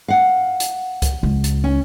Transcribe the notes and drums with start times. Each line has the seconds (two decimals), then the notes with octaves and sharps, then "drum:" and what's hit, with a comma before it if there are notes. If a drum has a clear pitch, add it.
0.08 F5 F#5
0.60 drum: hi-hat
1.02 drum: kick C2, hi-hat
1.23 C#2
1.44 drum: hi-hat
1.64 C#4